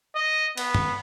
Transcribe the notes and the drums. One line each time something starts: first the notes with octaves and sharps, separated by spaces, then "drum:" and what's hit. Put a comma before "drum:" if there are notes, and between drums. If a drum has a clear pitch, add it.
D#5
B3, drum: cymbal
drum: tom